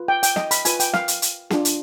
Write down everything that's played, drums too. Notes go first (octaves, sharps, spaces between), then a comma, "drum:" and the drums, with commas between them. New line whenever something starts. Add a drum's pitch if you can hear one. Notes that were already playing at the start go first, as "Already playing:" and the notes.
Already playing: F4 B4
G5
G5, drum: hi-hat
D#5, drum: snare
B5, drum: hi-hat
F4 B4 G#5, drum: hi-hat
G5, drum: hi-hat
F5, drum: snare
drum: hi-hat
drum: hi-hat
D4 F4 G#4, drum: snare
drum: hi-hat